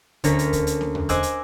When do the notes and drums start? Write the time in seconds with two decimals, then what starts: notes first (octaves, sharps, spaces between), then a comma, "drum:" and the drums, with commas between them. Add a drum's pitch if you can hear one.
0.24 D2 D3 C#4 A#4 A#6 B6, drum: kick D#2, hi-hat
0.39 drum: hi-hat
0.53 drum: kick D#2, hi-hat
0.67 drum: hi-hat
0.81 drum: snare A#3
0.95 drum: tom E2
1.09 C5 D#5 G#5 D6 E6 F#6, drum: kick D#2, hi-hat
1.23 drum: hi-hat